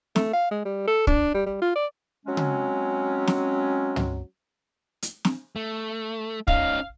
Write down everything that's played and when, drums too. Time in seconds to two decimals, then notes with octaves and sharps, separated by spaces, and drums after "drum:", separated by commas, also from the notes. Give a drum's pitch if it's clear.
0.16 A3, drum: snare
0.33 F5
0.51 G#3
0.65 G3
0.87 A4
1.07 D4, drum: kick
1.34 G3
1.46 G3
1.62 F4
1.75 D5
2.26 F#3 G#3 C4 C#4
2.37 drum: tom C#3
3.27 drum: snare
3.96 drum: tom
5.02 drum: hi-hat
5.25 drum: snare
5.56 A3
6.48 C#4 D#4 F5, drum: kick